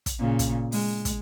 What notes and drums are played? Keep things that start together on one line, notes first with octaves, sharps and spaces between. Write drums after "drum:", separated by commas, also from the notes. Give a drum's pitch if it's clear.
drum: kick, hi-hat
A#2 C#3
drum: kick, hi-hat
G#3, drum: open hi-hat
drum: kick, hi-hat